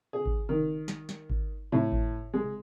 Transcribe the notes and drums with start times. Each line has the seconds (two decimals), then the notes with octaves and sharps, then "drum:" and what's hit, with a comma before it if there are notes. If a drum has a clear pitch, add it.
0.13 G#4
0.26 drum: kick G#1
0.49 D#3
0.88 drum: snare
1.09 drum: snare
1.30 drum: kick G#1
1.72 A2
1.92 drum: kick G#1
2.34 G#3